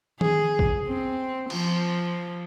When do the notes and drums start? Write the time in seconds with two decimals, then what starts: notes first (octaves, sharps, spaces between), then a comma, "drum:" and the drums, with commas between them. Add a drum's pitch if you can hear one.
0.21 G#4, drum: tom D#3
0.59 drum: kick
0.87 C4
1.50 F3, drum: cymbal